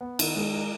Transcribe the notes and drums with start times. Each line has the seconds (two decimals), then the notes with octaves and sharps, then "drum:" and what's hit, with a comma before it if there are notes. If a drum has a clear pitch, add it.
0.01 B3
0.19 D#3, drum: cymbal
0.36 G#3
0.54 A#4